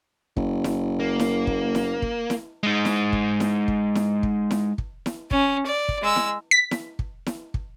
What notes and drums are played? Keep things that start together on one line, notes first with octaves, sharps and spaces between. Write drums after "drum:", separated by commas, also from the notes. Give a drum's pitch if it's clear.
F#1, drum: kick
drum: snare E4
A#3
drum: snare E4
drum: kick
drum: snare E4
drum: kick
drum: snare E4
G#3 D#4
drum: snare E4
drum: kick
drum: snare E4
drum: kick
drum: snare E4
drum: kick
drum: snare E4
drum: kick
drum: snare E4
C#4, drum: kick
D5
drum: kick
G#3 E6
drum: snare E4
B6
drum: snare E4
drum: kick
drum: snare E4
drum: kick